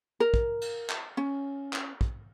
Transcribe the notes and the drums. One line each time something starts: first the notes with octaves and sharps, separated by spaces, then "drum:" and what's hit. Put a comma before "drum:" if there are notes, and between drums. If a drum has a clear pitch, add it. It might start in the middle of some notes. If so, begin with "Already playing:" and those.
A#4
drum: kick
drum: cymbal
drum: clap
C#4
drum: clap
drum: kick